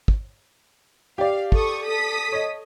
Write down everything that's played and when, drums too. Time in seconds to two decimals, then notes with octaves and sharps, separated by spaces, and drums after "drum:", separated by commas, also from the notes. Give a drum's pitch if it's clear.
0.08 drum: kick
1.18 G4 D5 F5
1.52 A4 C#6 D#6, drum: kick
1.82 A4 D#6 B6
2.32 C#5 D#5